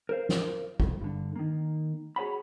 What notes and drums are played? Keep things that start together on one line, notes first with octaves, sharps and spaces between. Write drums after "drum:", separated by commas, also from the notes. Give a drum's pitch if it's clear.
A#4 C5 F5
drum: snare
C2 F2, drum: kick
G2 D3
D#3 A#3
F#4 G#4 C#5 F#5 B5